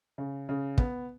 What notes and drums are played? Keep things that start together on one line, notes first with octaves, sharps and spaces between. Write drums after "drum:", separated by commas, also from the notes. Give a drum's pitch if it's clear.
C#3
C#3
B3, drum: kick